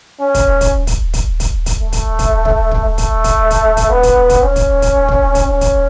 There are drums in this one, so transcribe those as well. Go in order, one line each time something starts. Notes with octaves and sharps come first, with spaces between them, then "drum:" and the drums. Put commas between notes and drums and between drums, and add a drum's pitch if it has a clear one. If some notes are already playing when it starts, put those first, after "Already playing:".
C#4
drum: kick, hi-hat
drum: kick, hi-hat
drum: kick, hi-hat
drum: kick, hi-hat
drum: kick, hi-hat
drum: kick, hi-hat
A3
drum: kick, hi-hat
drum: kick, hi-hat
drum: kick
drum: kick
A3
drum: kick, hi-hat
drum: kick, hi-hat
drum: kick, hi-hat
drum: kick, hi-hat
B3
drum: kick, hi-hat
drum: kick, hi-hat
C#4
drum: kick, hi-hat
drum: kick, hi-hat
drum: kick
drum: kick, hi-hat
C#4
drum: kick, hi-hat